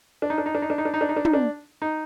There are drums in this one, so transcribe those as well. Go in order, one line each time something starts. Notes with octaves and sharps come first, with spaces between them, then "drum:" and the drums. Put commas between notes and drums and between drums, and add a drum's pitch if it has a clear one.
D4
D#4
D4
D#4
D4
D#4
D4
D#4
D4
D#4
D4
D#4
D4
D#4, drum: tom
D4
D#4